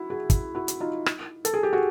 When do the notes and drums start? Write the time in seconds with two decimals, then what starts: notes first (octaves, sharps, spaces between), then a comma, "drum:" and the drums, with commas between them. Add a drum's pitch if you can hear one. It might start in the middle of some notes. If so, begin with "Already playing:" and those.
Already playing: E4 F#4
0.10 F#4 G#4
0.30 drum: kick, hi-hat
0.55 E4 F#4
0.68 drum: hi-hat
0.80 D#4 F4
1.06 drum: rim click
1.45 A4, drum: hi-hat
1.54 G#4
1.63 G4
1.73 F#4 G#4